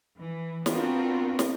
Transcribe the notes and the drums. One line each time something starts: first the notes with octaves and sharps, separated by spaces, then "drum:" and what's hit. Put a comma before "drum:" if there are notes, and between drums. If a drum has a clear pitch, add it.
E3
B3 C4 D4 F4 F#4 A#4, drum: snare
drum: snare